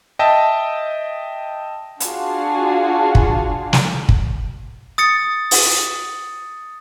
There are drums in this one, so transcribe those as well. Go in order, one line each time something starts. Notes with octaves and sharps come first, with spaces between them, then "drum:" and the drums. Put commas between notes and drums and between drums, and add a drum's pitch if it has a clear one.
D#5 E5 G5 A5
D4 F4 F#4 G#4 F5, drum: hi-hat
drum: kick
drum: snare
drum: kick
D#6 A6 C#7
drum: open hi-hat